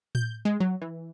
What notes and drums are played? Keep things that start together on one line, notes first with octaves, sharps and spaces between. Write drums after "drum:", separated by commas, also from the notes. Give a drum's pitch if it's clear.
G6, drum: tom A2
G#3
F#3
E3